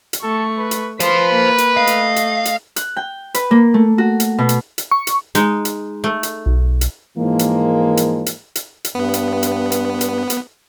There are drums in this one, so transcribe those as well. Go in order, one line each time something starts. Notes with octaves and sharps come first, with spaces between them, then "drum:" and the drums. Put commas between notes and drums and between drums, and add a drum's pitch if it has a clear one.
drum: hi-hat
A3 A4 C#6
B4
drum: hi-hat
B4 C5 F5 C6 B6, drum: hi-hat
A#3
drum: hi-hat
A3 D#5 F5
drum: hi-hat
drum: hi-hat
drum: hi-hat
F#6, drum: hi-hat
G5
B4, drum: hi-hat
A#3
A3
F#4
drum: hi-hat
B2
drum: hi-hat
drum: hi-hat
C#6
drum: hi-hat
G#3 D#4, drum: hi-hat
drum: hi-hat
A3
drum: hi-hat
B1
drum: hi-hat
G#2 E3 F3 G#3 A#3
drum: hi-hat
drum: hi-hat
drum: hi-hat
drum: hi-hat
drum: hi-hat
G2 B3
drum: hi-hat
drum: hi-hat
drum: hi-hat
drum: hi-hat
drum: hi-hat